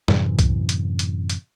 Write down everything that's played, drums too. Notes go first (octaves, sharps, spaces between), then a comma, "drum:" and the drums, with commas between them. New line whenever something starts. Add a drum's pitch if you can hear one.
F#2 A2 C3 E3, drum: snare
drum: kick C2, hi-hat
drum: hi-hat
drum: hi-hat
drum: hi-hat